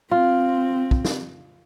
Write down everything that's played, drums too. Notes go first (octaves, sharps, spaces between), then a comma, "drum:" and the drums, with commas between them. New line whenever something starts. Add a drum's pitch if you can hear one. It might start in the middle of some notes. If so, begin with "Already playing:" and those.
C4 F4
drum: kick
drum: snare